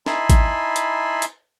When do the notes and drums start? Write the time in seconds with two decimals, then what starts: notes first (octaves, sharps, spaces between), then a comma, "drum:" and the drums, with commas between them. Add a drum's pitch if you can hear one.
0.06 D#4 E4 G#5 A5 B5 C6, drum: snare
0.30 drum: kick, hi-hat
0.76 drum: hi-hat
1.22 drum: hi-hat